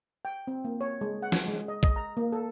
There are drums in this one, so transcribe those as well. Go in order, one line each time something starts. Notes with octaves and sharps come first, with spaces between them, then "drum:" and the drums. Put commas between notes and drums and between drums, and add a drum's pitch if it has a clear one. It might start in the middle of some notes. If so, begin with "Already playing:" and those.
G5
C4
A#3
C#5
G#3
F#5
drum: snare
G#3
D#5
D#5, drum: kick
A#5
A#3
A4